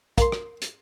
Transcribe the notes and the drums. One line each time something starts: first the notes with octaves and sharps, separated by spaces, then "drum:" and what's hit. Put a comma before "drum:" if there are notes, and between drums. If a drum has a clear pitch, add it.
A#3 C6, drum: kick, hi-hat
drum: rim click
drum: hi-hat